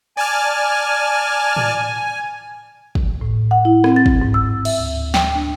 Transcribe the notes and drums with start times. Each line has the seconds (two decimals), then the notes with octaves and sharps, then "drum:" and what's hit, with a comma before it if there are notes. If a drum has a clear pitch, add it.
0.17 D5 G#5 A5 F6
1.57 drum: tom A2
2.95 drum: kick
3.21 A2
3.51 F#5
3.65 E4
3.84 C4, drum: rim click
3.96 A6
4.06 drum: kick
4.22 G#2
4.34 E6
4.65 E5, drum: cymbal
4.78 D2
5.14 G5, drum: snare
5.35 D4